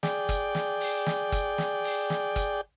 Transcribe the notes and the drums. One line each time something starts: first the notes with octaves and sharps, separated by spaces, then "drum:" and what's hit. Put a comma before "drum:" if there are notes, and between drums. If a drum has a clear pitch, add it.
G#4 D5 G5, drum: snare
drum: kick, hi-hat
drum: snare
drum: open hi-hat
drum: snare
drum: kick, hi-hat
drum: snare
drum: open hi-hat
drum: snare
drum: kick, hi-hat